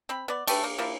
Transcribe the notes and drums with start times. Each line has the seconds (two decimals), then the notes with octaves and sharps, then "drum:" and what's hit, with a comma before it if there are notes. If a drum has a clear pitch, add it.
0.09 C4 B5
0.28 B3 D5
0.47 A3 G4 B4, drum: cymbal
0.64 A#3
0.78 F3 A#3 E4